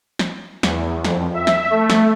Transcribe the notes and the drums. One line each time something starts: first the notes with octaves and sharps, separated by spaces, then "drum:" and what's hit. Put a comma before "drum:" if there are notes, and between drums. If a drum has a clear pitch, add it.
drum: snare
E2, drum: snare
F2, drum: snare
E5
drum: snare
A3
drum: snare